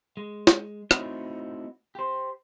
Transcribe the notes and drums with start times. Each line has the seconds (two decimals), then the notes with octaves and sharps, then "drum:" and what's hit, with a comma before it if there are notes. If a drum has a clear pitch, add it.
0.17 G#3
0.47 drum: snare
0.91 A3 C4 D#4 E4 F#4 C#5, drum: rim click
1.95 G4 C5